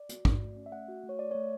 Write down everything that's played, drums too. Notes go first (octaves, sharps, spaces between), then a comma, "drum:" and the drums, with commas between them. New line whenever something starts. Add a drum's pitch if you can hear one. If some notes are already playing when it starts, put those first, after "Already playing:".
Already playing: D5
F#4, drum: hi-hat
F#4, drum: kick
A3
C#4
E5
A3 F#5
F#4
A3
C#5
A3 D5
A3 C#5